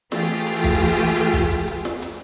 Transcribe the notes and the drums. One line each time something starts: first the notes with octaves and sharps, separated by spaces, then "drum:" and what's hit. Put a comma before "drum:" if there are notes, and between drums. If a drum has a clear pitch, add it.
E3 A3 F4 G4 G#4, drum: snare
drum: hi-hat
drum: kick, hi-hat
drum: hi-hat
drum: hi-hat
drum: hi-hat
drum: kick, hi-hat
drum: hi-hat
drum: hi-hat
drum: snare
drum: hi-hat